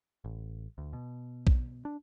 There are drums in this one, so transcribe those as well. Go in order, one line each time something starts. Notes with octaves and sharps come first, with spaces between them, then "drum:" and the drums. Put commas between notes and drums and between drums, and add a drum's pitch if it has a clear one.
A1
D2
B2
drum: kick A#1
D4